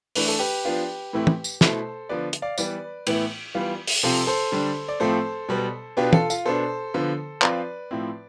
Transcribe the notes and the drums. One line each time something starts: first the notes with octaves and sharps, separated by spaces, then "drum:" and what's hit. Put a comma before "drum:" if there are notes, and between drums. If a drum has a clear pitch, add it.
E3 A3 D4 B4, drum: open hi-hat
A4
G4 B4
F3 B3 D4 F4
A2 E3 A3 C4 E4
drum: tom
drum: tambourine
B2 A3 E4 A4 C5, drum: snare
D3 F3 B3 B4 D5
drum: hi-hat
D5 F5
E3 G3 B3 B4 D5, drum: tambourine
A2 E3 B3 E4, drum: cymbal
E3 G3 B3 F4
drum: open hi-hat
C3 F3 C4 F4 A4 C5
A4 C5
D3 G3 D4
D5
A2 F3 A3 C4 A4 C5
B2 G3 B3
B2 B3 D4 F4 G4 B4
F4 A4, drum: tom
F4, drum: tambourine
B2 B3 D4 A4 C5
D3 F3 B3
F3 C4 F4 B4 D5, drum: clap
A2 F3 C4 E4